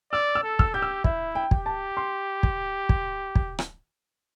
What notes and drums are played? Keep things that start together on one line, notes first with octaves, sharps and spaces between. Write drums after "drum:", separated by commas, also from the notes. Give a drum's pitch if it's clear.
D5 E6
E6
A4
E6, drum: kick
G4 G6
E6
E4 E5, drum: kick
G5
G4, drum: kick
A5
C6
drum: kick
drum: kick
drum: kick
drum: rim click